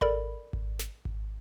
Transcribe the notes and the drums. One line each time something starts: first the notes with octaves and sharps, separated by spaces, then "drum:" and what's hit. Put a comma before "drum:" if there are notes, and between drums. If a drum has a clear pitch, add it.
A4 A#4 D5 B5, drum: kick G#1
drum: kick G#1
drum: snare
drum: kick G#1